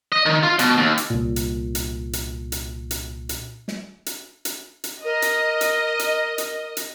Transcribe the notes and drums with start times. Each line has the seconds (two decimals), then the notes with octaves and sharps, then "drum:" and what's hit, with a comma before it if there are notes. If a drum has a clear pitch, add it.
0.12 D#5
0.26 D#3
0.43 F4
0.59 B2, drum: hi-hat
0.78 D#2
0.98 drum: hi-hat
1.10 C2 A#2
1.36 drum: hi-hat
1.75 drum: hi-hat
2.13 drum: hi-hat
2.52 drum: hi-hat
2.91 drum: hi-hat
3.29 drum: hi-hat
3.68 drum: snare
4.06 drum: hi-hat
4.45 drum: hi-hat
4.84 drum: hi-hat
5.05 A#4 D#5
5.22 drum: hi-hat
5.61 drum: hi-hat
5.99 drum: hi-hat
6.38 drum: hi-hat
6.77 drum: hi-hat